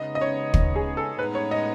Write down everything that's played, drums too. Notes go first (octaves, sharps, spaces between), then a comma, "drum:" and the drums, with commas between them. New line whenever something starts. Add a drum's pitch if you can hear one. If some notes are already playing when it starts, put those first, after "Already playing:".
Already playing: C#3 G#3 B3 D#4 D#5
D#5
C#5
drum: kick
G#4
A4
A2 G#3 B3 D#4 B4
C#5
D#5